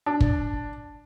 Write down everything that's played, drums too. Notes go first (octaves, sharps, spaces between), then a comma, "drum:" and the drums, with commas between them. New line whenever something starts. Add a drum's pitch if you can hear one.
D4
drum: kick